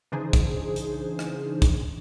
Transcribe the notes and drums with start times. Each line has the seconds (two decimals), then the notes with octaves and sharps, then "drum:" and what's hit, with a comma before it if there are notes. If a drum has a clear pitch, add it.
0.12 C#3 E3 D4 D#4 G#4 C5
0.33 drum: kick, hi-hat
0.76 drum: hi-hat
1.19 drum: rim click
1.62 drum: kick, hi-hat